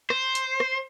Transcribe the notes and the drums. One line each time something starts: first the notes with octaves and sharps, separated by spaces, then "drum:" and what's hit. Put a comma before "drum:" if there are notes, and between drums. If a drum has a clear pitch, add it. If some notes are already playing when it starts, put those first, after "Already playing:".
C5, drum: rim click
drum: hi-hat
drum: rim click